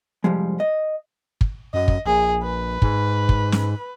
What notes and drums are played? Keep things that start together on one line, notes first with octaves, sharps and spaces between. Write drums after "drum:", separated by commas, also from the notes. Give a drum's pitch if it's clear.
C2 F2 F3 G3 G#3
D#5
drum: kick
F#2 D#5
drum: kick
A#1 G#4
B4
G#2, drum: kick
drum: kick
drum: snare